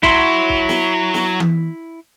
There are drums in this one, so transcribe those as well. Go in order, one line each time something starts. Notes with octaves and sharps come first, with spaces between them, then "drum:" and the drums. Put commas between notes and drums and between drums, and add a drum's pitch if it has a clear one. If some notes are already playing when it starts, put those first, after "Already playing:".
F#3 E4 C6, drum: kick C2
drum: kick C2
drum: snare
drum: snare
drum: tom E3